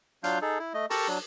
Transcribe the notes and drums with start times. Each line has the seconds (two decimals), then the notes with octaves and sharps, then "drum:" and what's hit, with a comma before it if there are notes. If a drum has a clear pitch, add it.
0.24 F#3 D4 F4 F5 G6, drum: hi-hat
0.42 D#4 G#4 A4
0.59 E4
0.74 A3 D#5
0.90 G4 A4 A#4 A5 A#5 C#6, drum: open hi-hat
1.08 F#3 D4